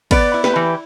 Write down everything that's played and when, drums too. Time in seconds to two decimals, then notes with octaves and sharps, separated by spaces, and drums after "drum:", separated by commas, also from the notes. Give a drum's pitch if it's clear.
0.11 B3 B4 D5, drum: kick, cymbal
0.34 E4
0.44 G4 B4, drum: snare
0.56 E3